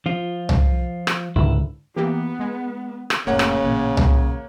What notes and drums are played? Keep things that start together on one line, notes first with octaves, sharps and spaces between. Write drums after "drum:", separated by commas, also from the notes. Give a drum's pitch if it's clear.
F3 F4
drum: tom C2
drum: rim click
C#2 G#2 D3 E4
E3 A#3 B3 G4
G#3
drum: rim click
F1 A2 C#3 A#3 C#5 F#5
drum: rim click
A1 A#2
drum: tom C2